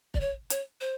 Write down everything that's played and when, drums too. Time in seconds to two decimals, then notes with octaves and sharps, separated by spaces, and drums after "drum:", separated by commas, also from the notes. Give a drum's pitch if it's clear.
0.14 D5, drum: kick
0.20 C#5
0.50 C#5, drum: hi-hat
0.81 C5